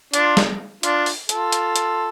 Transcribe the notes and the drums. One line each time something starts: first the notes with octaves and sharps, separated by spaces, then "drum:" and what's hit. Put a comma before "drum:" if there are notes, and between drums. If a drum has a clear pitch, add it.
D4 F4, drum: hi-hat
drum: snare
D4 F4, drum: hi-hat
drum: open hi-hat
F4 A4, drum: hi-hat
drum: hi-hat
drum: hi-hat